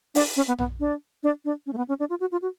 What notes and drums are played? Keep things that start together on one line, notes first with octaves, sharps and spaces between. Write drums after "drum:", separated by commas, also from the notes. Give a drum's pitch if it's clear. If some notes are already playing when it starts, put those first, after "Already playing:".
D4, drum: open hi-hat
C#4
B3
B3, drum: tom A#1
D4
D4
D4
C#4
A3
B3
C#4
D4
F4
F#4
F4
F#4